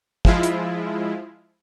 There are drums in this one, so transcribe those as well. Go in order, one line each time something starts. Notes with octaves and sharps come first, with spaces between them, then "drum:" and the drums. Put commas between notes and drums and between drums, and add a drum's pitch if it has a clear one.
F3 G#3 E4 F4, drum: kick
drum: hi-hat